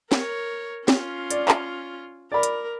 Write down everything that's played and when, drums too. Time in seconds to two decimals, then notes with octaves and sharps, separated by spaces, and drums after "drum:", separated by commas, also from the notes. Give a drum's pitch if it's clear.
0.12 A#4 C#5, drum: snare
0.88 C#4 F4, drum: snare
1.31 D5, drum: hi-hat
1.48 drum: clap
2.32 A#4 D5 B5
2.43 drum: hi-hat